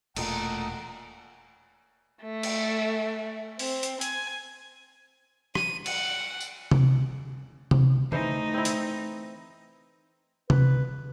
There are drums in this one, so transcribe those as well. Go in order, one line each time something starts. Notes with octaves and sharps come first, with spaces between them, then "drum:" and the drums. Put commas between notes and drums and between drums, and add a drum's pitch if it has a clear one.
E1 A#2 A3 D#5 F#5 A#5, drum: cymbal
A3
drum: cymbal
C4, drum: open hi-hat
drum: hi-hat
G#5, drum: hi-hat
D#7, drum: rim click
F#5, drum: cymbal
drum: tambourine
drum: tom C3
drum: tom C3
E3 A3 D#4 C5, drum: tom D3
C4 E4
drum: hi-hat
B4, drum: tom C3